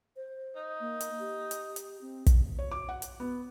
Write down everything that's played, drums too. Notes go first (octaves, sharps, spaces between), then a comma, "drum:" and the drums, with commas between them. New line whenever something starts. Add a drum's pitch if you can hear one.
C5
D#4
A#3
drum: hi-hat
G4
drum: hi-hat
drum: hi-hat
C4
drum: kick, hi-hat
C#5
D6
F#5
drum: hi-hat
B3